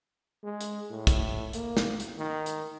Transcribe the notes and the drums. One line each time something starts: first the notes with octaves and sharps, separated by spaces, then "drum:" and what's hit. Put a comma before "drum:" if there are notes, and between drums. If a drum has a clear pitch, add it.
G#3
drum: hi-hat
A2
drum: kick, hi-hat
A#3, drum: hi-hat
drum: snare
drum: hi-hat
D#3
drum: hi-hat